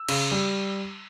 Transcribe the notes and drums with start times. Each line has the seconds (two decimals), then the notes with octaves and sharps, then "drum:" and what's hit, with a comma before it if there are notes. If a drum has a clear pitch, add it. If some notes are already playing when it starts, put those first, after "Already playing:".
Already playing: E6
0.09 C#3, drum: cymbal
0.31 G3